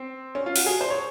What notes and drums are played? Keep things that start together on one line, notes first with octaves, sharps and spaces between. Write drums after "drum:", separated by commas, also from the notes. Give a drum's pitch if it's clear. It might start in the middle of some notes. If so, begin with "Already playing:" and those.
Already playing: C4
C#4
F4
F#4, drum: open hi-hat
G#4
C5
C#5